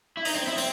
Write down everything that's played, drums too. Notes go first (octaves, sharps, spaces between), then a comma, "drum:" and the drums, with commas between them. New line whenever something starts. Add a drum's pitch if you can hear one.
E4
D#4, drum: open hi-hat
C4
E4
C4, drum: open hi-hat